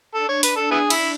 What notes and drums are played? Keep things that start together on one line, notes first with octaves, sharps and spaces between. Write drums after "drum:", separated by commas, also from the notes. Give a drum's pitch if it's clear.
D4 A4
C#5
B4, drum: open hi-hat
A4
B3 D4 E4 G#4
E4, drum: cymbal